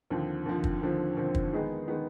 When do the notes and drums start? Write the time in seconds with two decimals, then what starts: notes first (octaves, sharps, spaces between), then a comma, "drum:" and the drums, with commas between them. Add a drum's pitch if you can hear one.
0.10 D#2 D3 F3 C4
0.46 D#2 D3 F3 C4
0.64 drum: kick
0.82 D#2 D3 F3 C4
1.17 D#2 D3 F3 C4
1.35 drum: kick
1.52 D#3 G#3 B3 D#4 G#4
1.87 D#3 G#3 B3 D#4 G#4